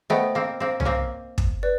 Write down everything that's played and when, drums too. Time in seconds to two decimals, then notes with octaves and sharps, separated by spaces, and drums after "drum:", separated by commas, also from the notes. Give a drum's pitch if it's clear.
0.10 A3 B3 C5 D#5 G5
0.35 A#3 C4
0.60 A#3 C4
0.80 C#4, drum: tom C2
0.85 A#3 C4
1.38 drum: kick
1.63 B4 D5